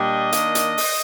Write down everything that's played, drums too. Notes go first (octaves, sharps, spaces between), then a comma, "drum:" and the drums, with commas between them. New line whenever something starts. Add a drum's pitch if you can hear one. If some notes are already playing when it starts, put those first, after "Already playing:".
Already playing: A#2 G3 D4 D#5
D#3 A#3 D4, drum: hi-hat
drum: hi-hat
drum: open hi-hat